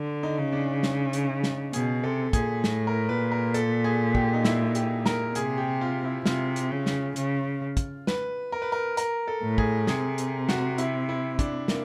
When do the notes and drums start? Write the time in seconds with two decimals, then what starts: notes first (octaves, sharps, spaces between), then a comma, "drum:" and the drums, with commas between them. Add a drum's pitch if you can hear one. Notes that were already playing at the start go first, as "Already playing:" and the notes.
Already playing: D3
0.23 D#4
0.38 C#3
0.53 D4
0.83 drum: snare
1.13 drum: hi-hat
1.43 drum: snare
1.73 B2 G#4, drum: hi-hat
2.04 C3 A4
2.33 A#2 G#4, drum: kick, hi-hat
2.64 A2, drum: snare
2.87 A#4
3.09 A#2 B4
3.32 A#4
3.54 A4, drum: hi-hat
3.84 G#4
4.15 G4, drum: kick
4.34 D#4
4.45 E4, drum: snare
4.75 G4, drum: hi-hat
5.06 A#4, drum: snare
5.35 C3 G#4, drum: hi-hat
5.58 G4
5.81 F4
6.04 E4
6.26 C3 F4, drum: snare
6.56 drum: hi-hat
6.71 C#3
6.86 drum: snare
7.16 C#3, drum: hi-hat
7.77 drum: kick, hi-hat
8.07 B4, drum: snare
8.52 A#4
8.62 B4
8.72 A#4
8.97 A#4, drum: hi-hat
9.28 A4
9.43 A2
9.58 G#4, drum: kick
9.87 C3 G#4, drum: snare
10.18 drum: hi-hat
10.49 F#4, drum: snare
10.78 E4, drum: hi-hat
11.09 E4
11.39 D4, drum: kick, hi-hat
11.68 A#3, drum: snare